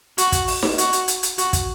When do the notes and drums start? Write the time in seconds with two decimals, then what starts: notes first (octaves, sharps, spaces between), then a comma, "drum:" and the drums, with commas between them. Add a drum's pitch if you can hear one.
0.18 F#4, drum: hi-hat
0.32 drum: kick, hi-hat
0.47 drum: open hi-hat
0.62 drum: snare D#4
0.78 F#4, drum: hi-hat
0.93 drum: hi-hat
1.08 drum: hi-hat
1.23 drum: hi-hat
1.38 F#4, drum: hi-hat
1.53 drum: kick, hi-hat